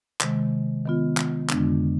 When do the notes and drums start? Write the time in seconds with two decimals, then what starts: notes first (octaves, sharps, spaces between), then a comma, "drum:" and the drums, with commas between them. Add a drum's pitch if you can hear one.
0.21 C3 D#3 G#3, drum: clap
0.85 D#3 B3 F4
1.17 drum: clap
1.50 F2 D3 G#3 B3 D4, drum: clap